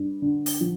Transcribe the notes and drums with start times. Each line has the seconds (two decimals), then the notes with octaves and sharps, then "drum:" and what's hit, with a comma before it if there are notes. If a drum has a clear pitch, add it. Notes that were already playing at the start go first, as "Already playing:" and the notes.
Already playing: G2
0.22 D3
0.46 drum: open hi-hat
0.61 F3